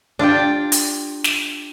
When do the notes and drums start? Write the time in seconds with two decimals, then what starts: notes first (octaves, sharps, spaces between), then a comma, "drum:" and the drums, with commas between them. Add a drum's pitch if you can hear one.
0.19 D4 F4 G4 G5
0.72 drum: hi-hat
1.24 drum: snare